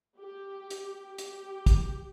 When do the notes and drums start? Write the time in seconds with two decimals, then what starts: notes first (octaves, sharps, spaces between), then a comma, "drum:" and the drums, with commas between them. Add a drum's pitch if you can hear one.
0.19 G4
0.70 drum: hi-hat
1.18 G4, drum: hi-hat
1.66 drum: kick, hi-hat